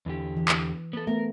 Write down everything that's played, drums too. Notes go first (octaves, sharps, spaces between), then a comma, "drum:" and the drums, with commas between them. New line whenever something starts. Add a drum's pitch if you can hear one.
E2 D3 G4
E3
drum: clap
B3 A4
A3 B3 A#4